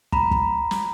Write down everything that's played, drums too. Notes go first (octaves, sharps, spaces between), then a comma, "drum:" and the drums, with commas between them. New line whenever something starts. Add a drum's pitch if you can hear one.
A#5 B5, drum: kick
drum: kick
drum: snare